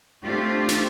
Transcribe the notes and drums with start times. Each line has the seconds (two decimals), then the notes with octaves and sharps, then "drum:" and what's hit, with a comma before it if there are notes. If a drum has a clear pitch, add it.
0.24 A3 C4 D4 F4 G4
0.69 drum: snare